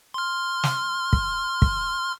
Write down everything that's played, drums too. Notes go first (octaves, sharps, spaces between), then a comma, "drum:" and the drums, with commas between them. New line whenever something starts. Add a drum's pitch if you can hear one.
C6 F6
drum: snare
drum: kick
drum: kick